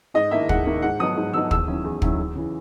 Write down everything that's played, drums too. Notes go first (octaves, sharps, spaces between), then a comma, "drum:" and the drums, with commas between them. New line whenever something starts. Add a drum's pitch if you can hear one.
G#2 D#5
D#3 A#3 E4 E5
G#2 F#5, drum: kick
D#3 A#3 E4
G#2 F#5
F#3 B3 D#4 D#6
G#2
F#3 B3 D#4 E6
E2 E6, drum: kick
D#3 F#3 C#4 E4
E2
D#3 F#3 C#4 E4, drum: kick
E2
C#3 E3